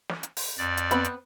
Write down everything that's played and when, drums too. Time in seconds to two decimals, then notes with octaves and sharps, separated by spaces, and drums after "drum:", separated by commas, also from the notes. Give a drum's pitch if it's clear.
0.09 drum: snare
0.23 drum: hi-hat
0.37 drum: open hi-hat
0.58 F2 D5
0.77 drum: hi-hat
0.91 B3 C4 B5, drum: hi-hat
1.04 drum: hi-hat